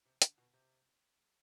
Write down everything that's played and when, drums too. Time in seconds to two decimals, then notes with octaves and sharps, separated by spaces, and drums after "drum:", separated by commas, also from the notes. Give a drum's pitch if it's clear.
0.05 C3
0.22 D3, drum: hi-hat
0.38 B2
0.53 C3